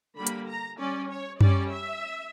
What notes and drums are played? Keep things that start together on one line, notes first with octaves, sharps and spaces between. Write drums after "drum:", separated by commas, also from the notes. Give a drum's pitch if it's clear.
D3 G3 A#3 B5
drum: hi-hat
A#5
G3 C#4 D5
C#5
G3 C#4 D5, drum: tom F#2
E5